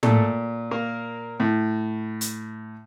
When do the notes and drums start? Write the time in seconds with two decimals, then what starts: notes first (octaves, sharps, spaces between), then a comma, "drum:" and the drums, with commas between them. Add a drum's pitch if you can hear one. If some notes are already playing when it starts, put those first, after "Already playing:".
0.03 A#2 A3 A4, drum: tom
0.71 A#3 A#4
1.40 A2
2.21 drum: hi-hat